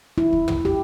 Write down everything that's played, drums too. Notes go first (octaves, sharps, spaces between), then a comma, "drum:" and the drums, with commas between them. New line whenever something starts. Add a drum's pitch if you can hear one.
E4
drum: kick
drum: tom
G4